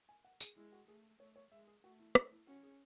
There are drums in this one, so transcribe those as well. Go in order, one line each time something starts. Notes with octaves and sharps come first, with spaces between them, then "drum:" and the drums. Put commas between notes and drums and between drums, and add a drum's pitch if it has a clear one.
G#5
F#5
G#4, drum: tambourine
G#3 E4
F#4
A3 G#4
A3 C#5
C#5
G#3 E5
G#4
A3 F#4
E4
D#4, drum: rim click
E4
C#4 F#4
G#4